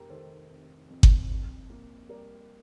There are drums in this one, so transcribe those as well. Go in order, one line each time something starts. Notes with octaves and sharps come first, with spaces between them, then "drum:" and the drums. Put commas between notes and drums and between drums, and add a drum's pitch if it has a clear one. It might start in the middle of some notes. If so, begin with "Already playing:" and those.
Already playing: F1 G4 A#4
D#3 A4 C5
C3
F2
drum: kick G1
F2
A#3
G3 A#4 D5